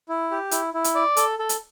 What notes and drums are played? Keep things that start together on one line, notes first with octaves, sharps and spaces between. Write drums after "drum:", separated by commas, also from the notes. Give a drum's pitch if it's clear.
E4
G4
E4, drum: hi-hat
E4
drum: hi-hat
D5
A4, drum: hi-hat
A4
drum: hi-hat